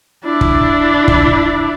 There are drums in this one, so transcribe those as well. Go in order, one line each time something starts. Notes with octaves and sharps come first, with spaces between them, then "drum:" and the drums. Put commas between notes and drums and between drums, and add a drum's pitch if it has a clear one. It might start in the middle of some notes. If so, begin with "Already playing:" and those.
D4 E4
drum: kick
drum: kick